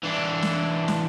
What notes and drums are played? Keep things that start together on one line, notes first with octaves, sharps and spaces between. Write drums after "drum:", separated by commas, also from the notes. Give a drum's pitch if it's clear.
E3 D4
drum: snare
drum: snare